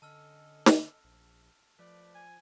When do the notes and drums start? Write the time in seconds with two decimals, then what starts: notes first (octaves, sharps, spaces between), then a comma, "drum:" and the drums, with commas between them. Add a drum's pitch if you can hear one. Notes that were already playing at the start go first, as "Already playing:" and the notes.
0.02 D3 C#4 A4 D#5 A5 E6 F6
0.66 drum: snare
1.04 A#1
1.79 F3 A3 B4 D5
2.14 G#5